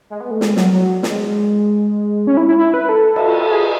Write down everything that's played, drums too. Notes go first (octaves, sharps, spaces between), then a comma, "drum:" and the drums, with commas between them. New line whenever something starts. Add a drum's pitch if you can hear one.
G#3
B3
A3
G#3, drum: snare
F#3, drum: snare
F#3
G#3, drum: snare
C#4
E4
E4
E4
B4
A4
drum: cymbal
G#4